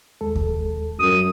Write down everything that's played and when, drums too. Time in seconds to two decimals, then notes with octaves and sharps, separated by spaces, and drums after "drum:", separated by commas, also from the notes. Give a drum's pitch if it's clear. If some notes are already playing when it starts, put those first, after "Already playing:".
0.21 D#2 G#3 A4
0.35 drum: kick D#2
0.99 F#2 D#6